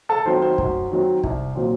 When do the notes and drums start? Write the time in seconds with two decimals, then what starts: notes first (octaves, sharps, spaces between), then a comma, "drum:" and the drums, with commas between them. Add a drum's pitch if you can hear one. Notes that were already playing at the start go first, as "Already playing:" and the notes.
0.09 A4 A5
0.25 D#3 F#3 C4 C5 C6
0.42 C5 C6
0.58 F#2, drum: kick
0.91 D#3 F#3 C4
1.24 C2, drum: kick
1.56 A#2 F#3 C4